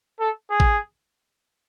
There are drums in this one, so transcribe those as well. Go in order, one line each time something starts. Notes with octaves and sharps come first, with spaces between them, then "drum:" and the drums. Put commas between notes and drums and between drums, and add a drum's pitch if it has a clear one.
A4
G#4
drum: kick